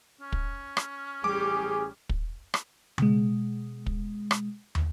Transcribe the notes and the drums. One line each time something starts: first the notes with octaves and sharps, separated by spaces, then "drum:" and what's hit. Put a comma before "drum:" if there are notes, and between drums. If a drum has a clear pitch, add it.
C#4
drum: kick
drum: rim click
A1 G3 G4 G#4 D6
drum: kick
drum: rim click
B2 G#3, drum: tom C#3
drum: kick
drum: rim click
drum: tom